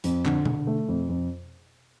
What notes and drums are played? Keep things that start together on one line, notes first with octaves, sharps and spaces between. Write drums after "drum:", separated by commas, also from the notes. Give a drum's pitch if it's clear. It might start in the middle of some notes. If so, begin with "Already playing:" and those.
F2, drum: hi-hat
D3, drum: clap
D3, drum: tom B2
A3
F2
F2